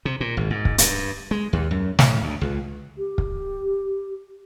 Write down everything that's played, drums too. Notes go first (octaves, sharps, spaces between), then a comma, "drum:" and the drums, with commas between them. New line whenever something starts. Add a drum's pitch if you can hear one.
C3
A#2
G#1
G#2
drum: kick
G2, drum: hi-hat
G#3
D#2
F#2
A2, drum: snare
D2
C#2
G4
drum: kick